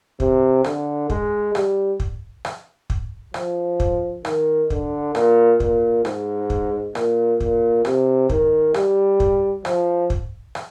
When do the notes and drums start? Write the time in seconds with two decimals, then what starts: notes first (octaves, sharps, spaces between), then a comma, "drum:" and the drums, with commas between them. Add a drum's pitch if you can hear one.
0.20 C3, drum: kick
0.64 D3, drum: rim click
1.10 G#3, drum: kick
1.55 G3, drum: rim click
2.00 drum: kick
2.45 drum: rim click
2.90 drum: kick
3.34 F3, drum: rim click
3.80 drum: kick
4.25 D#3, drum: rim click
4.70 D3, drum: kick
5.15 A#2, drum: rim click
5.60 A#2, drum: kick
6.05 G#2, drum: rim click
6.50 drum: kick
6.95 A#2, drum: rim click
7.40 A#2, drum: kick
7.85 C3, drum: rim click
8.30 D#3, drum: kick
8.74 G3, drum: rim click
9.20 drum: kick
9.65 F3, drum: rim click
10.10 drum: kick
10.55 drum: rim click